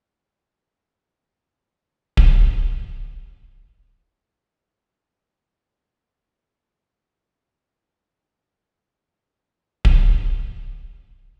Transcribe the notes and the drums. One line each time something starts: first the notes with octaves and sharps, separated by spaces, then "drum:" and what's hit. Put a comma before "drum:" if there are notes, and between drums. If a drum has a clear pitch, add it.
G#3 A#3 D4 F#4
D3 G4 A4 C#5
F#3
G#2
G2 A#3
drum: kick D1
A1 G#5
F3 F4
C3 D#3 C#4
G2 G#3 A#3 B3 C#4
D3 B3 G#4 C5 A#5
C2 G#2 F4 D5 B5 E6
G3
drum: kick D1
C#4